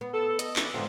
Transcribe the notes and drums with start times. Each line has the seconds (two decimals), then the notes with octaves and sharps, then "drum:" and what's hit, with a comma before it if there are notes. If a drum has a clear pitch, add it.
0.01 B3
0.14 A4
0.39 D#5, drum: hi-hat
0.56 E3 D4, drum: clap
0.74 G#2 D3 E3 B3 C4 F4